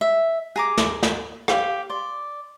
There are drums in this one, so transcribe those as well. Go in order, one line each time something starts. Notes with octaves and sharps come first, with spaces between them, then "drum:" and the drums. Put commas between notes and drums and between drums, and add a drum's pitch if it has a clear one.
E5
G#4 A#5 D6
drum: snare
drum: snare
G4 F5, drum: rim click
D5 C6